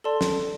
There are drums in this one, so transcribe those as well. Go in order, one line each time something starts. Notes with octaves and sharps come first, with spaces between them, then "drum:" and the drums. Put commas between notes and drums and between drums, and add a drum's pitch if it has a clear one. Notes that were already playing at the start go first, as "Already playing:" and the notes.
A4 D5 A5 C6
drum: snare